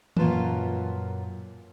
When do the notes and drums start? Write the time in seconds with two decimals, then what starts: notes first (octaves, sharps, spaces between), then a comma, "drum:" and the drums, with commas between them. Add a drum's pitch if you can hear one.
0.17 F#2 A#2 F4 B4 A5, drum: tom D#3